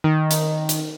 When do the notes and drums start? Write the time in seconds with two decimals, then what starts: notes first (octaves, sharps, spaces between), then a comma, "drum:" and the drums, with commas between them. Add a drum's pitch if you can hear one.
0.04 D#3
0.31 drum: hi-hat
0.69 drum: hi-hat